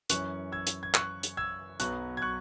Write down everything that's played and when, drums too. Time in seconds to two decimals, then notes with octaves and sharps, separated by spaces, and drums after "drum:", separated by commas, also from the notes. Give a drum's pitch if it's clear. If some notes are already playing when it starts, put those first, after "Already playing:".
0.10 F#2 E3 C#4 C#6 F#6, drum: hi-hat
0.52 E6 G#6
0.67 drum: hi-hat
0.83 G#6
0.95 C#6 F#6, drum: clap
1.23 drum: hi-hat
1.37 E6 G#6
1.80 B1 B2 F#3 B3 C#6 F#6, drum: hi-hat
2.17 G#6
2.22 C#6 F#6